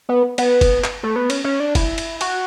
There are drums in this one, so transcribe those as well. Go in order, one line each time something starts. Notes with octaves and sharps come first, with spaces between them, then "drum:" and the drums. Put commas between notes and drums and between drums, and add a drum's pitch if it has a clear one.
B3
B3, drum: cymbal
drum: kick, cymbal
drum: clap
A3
B3
C#4, drum: cymbal
C#4
D4
E4, drum: kick, cymbal
drum: cymbal
F#4, drum: cymbal